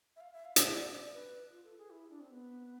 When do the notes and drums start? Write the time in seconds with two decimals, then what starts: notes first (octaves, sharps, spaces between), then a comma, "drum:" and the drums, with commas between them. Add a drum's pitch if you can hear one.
0.16 E5
0.21 F5
0.33 E5
0.45 F5
0.56 E5, drum: hi-hat
0.72 D5
0.92 D5
1.12 B4
1.51 F4
1.64 A4
1.78 G#4
1.90 E4
2.10 D4
2.20 C4
2.31 B3